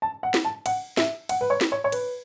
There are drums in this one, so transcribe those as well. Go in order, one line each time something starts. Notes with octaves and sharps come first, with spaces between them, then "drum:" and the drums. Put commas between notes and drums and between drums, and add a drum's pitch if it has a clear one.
A5
F#5
drum: snare
A5
F#5, drum: cymbal
E5, drum: snare
F#5, drum: cymbal
B4
C#5
drum: snare
C#5
C#5
B4, drum: cymbal